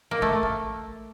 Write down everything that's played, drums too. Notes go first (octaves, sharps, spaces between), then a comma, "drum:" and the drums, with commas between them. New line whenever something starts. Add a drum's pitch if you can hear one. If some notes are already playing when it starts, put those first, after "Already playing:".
A#3
A3, drum: kick
drum: kick